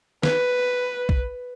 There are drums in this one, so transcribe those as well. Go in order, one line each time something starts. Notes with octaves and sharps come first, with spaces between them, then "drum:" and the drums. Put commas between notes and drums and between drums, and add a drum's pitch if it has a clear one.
B4, drum: snare
drum: kick